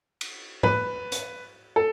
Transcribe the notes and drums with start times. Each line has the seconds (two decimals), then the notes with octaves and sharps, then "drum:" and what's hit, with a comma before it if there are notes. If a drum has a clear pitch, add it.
0.21 drum: cymbal
0.63 B4, drum: tom G#2
1.12 drum: hi-hat
1.76 A4